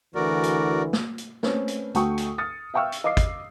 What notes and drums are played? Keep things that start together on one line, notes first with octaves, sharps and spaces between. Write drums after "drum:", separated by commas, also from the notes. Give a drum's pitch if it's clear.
D2 D3 E3 F#4 A#4 D5
drum: hi-hat
drum: snare
drum: hi-hat
A3 C4 C#4 B4, drum: snare
drum: hi-hat
D2 A3 F#4 G5 C#6 D#6, drum: hi-hat
drum: hi-hat
D#6 F6 A6 C#7
E5 F5 G5 C#6 E6 F6
drum: hi-hat
D#5 F5 D6 D#6 C7
drum: kick, hi-hat